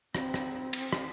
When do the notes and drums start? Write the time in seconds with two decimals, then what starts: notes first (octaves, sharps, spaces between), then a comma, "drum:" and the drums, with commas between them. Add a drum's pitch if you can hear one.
0.15 C4, drum: rim click
0.34 drum: rim click
0.73 drum: cymbal
0.93 drum: rim click